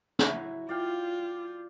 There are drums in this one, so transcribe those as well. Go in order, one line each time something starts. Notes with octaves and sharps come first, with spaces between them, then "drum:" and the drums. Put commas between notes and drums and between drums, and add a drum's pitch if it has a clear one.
F#3 E4 F#4, drum: snare
F4 D5 F5 G5